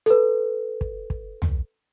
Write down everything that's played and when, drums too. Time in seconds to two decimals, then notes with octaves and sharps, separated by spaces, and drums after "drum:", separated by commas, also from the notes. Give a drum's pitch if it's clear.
0.06 A4 B4, drum: hi-hat
0.81 drum: kick
1.10 drum: kick
1.42 drum: tom